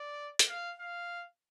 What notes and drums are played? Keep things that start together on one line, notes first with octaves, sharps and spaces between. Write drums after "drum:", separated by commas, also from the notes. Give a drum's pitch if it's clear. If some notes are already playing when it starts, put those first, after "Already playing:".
Already playing: D5
drum: hi-hat
F5
F5